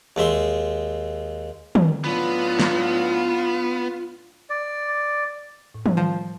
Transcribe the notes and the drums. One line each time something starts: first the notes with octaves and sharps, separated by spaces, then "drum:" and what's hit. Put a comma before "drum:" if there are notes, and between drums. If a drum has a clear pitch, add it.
D#2 G#3 E5 C6
drum: tom
A2 F#3 B3 D4 F4
drum: snare
D5
A2
drum: tom
F3 G3